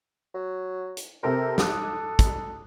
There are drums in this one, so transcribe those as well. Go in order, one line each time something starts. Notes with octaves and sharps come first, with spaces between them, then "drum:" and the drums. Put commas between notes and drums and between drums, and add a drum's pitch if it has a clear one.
F#3
drum: hi-hat
C3 A4 A#4 C5
A4 D6 D#6 F#6, drum: snare
drum: kick, hi-hat